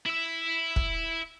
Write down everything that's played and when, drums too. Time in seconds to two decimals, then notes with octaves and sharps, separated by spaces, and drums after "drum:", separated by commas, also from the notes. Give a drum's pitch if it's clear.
0.06 E4 E5
0.76 drum: kick